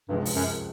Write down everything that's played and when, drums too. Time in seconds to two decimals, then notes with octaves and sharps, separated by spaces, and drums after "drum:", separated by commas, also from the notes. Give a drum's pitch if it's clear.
0.09 C#2 G2 C3 F3 G#3
0.25 drum: open hi-hat
0.35 F#2